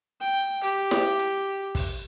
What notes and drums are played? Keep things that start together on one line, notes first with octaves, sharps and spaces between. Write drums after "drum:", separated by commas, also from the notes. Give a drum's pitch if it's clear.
G5
G4, drum: hi-hat
drum: snare E4
drum: hi-hat
drum: kick, open hi-hat